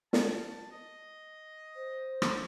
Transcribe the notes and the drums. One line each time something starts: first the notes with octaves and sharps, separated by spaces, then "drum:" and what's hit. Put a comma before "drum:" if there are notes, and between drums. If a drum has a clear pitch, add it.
A5, drum: snare
D#5
C5
drum: rim click